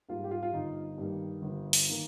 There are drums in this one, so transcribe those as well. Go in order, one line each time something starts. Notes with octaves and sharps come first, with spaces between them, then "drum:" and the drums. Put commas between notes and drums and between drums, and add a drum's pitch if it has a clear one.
G#2 G3 A#3 F4
G4
F4
F4
G1 D#4
G2 D#3 A#3
G1
drum: open hi-hat
D#3 A#3